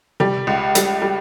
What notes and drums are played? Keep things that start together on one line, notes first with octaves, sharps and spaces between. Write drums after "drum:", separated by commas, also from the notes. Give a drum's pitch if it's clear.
G3, drum: tom C3
C#2
G3, drum: hi-hat
G3